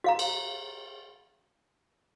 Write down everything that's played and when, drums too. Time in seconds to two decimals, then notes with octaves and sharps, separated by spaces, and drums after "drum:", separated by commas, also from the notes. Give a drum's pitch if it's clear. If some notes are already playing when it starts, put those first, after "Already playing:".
0.04 F#4 F5 A#5
0.19 drum: cymbal